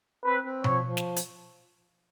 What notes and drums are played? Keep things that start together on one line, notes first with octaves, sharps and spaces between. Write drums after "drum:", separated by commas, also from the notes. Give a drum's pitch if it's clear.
C4 B4
C4
F3 C#5, drum: tom B2
F3
drum: snare
drum: hi-hat